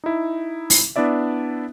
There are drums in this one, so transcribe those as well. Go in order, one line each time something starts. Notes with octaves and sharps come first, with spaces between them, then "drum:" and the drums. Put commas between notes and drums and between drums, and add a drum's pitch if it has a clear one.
D#4 E4
drum: open hi-hat
B3 D4 E4 D5 E5